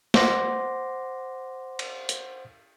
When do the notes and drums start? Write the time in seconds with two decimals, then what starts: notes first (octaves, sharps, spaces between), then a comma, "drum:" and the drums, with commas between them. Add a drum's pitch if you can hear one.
0.14 C5 F#5 C6 D6 A#6, drum: snare
1.79 drum: cymbal
2.09 drum: hi-hat